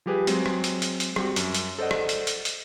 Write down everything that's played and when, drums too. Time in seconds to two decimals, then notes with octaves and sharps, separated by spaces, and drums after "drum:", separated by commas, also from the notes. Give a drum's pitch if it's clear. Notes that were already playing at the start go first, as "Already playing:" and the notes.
0.06 F3 G3 G4 G#4 B4
0.27 F#3 G#3 C4, drum: hi-hat
0.46 drum: rim click
0.64 drum: hi-hat
0.82 drum: hi-hat
1.00 drum: hi-hat
1.16 G3 C4 F#4, drum: rim click
1.36 F#2, drum: hi-hat
1.55 drum: hi-hat
1.79 A4 C5 D5 D#5 F#5
1.91 drum: rim click
2.09 drum: hi-hat
2.27 drum: hi-hat
2.45 drum: hi-hat